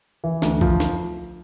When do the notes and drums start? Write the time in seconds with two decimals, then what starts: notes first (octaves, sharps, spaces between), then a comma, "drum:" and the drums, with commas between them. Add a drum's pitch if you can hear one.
0.24 E3
0.42 D2, drum: snare
0.61 F3, drum: kick
0.80 drum: snare